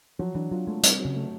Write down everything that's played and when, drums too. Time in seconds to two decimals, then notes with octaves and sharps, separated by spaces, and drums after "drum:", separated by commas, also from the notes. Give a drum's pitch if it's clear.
0.19 F3 F#3
0.35 E3 D4
0.51 F#3 F4
0.67 G#3 A3
0.83 C3 G3, drum: hi-hat
1.00 F#3
1.05 C#3
1.16 A3